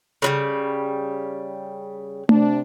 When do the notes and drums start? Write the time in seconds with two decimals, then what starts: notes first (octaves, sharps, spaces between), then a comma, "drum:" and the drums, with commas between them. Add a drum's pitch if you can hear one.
0.22 C#3 F#3 G3
2.29 C3 D4, drum: tom A3